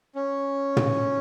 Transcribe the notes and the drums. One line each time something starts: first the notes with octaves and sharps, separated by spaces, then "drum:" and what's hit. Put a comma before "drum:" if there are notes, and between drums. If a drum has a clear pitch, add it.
C#4
drum: tom